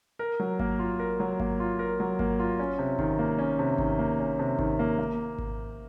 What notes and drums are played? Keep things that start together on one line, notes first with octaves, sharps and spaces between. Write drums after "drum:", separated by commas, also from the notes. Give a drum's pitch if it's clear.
A#4
F#3
A#3, drum: kick G#1
F4
A#4
F#3
A#3, drum: kick G#1
F4
A#4
F#3
A#3, drum: kick G#1
F4
C#4
C3
D#3, drum: kick G#1
A#3
C#4
C3
D#3, drum: kick G#1
A#3
C#4
C3
D#3, drum: kick G#1
A#3
A#3
drum: kick G#1